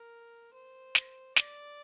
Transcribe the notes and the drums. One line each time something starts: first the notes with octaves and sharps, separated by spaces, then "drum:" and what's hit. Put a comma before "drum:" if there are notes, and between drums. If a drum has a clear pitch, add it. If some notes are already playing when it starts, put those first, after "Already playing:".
Already playing: A#4
C5
drum: snare
D5, drum: snare